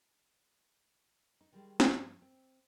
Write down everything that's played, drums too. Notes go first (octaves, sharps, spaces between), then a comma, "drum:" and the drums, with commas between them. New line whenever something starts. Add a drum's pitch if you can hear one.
D#4
D#3 G3 G#3
G2 F3, drum: snare
C4